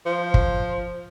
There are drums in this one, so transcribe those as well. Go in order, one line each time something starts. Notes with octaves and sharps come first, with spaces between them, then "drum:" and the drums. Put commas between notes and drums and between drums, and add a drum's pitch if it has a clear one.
F3
drum: kick